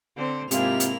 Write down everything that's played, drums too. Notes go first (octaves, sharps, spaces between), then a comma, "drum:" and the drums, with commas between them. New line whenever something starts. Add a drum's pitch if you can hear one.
D3 C4 C5
G#2 C3 A#3 E4 F4 G4 G#4 F7, drum: hi-hat
drum: hi-hat